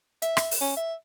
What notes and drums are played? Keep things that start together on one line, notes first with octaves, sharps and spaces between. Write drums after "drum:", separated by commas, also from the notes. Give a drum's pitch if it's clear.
E5, drum: hi-hat
drum: rim click
drum: open hi-hat
C#4
E5